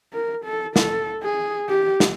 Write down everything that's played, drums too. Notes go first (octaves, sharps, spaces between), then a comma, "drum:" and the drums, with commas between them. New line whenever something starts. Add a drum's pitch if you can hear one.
A#4
A4
A4, drum: snare
G#4
G4
drum: snare